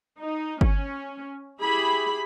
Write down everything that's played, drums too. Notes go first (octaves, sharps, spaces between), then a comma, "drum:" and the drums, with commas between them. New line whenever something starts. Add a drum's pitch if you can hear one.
D#4
C#4, drum: kick G1
E4 G4 G#4 B5